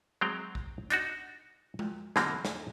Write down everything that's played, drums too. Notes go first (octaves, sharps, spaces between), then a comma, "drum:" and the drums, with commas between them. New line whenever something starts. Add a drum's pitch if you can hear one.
F#3 G#3 C4 F5 G5
drum: kick A#1
D4 D#4 F#4, drum: hi-hat
drum: tom G#3
B2 D3 E3 F#3 A#3 C4, drum: snare
drum: snare